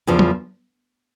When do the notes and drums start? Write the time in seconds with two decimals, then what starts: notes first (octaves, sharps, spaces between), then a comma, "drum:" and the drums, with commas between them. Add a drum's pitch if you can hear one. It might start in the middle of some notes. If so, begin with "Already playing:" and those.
0.07 E2 C#3 F3 A#3
0.19 drum: tom